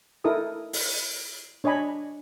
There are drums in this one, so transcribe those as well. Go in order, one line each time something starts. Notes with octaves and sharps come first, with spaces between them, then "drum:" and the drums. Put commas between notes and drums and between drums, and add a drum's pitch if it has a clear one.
D#4 E4 A4 A#4 D#6
drum: open hi-hat
D4 C#5 D#5 G#5 B5